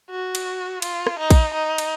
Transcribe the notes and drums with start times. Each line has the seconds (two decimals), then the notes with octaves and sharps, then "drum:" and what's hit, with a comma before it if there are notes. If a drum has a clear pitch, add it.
0.11 F#4
0.35 drum: cymbal
0.82 F4, drum: cymbal
1.07 drum: rim click
1.19 D#4
1.30 drum: kick A#1, cymbal
1.54 D#4
1.78 drum: cymbal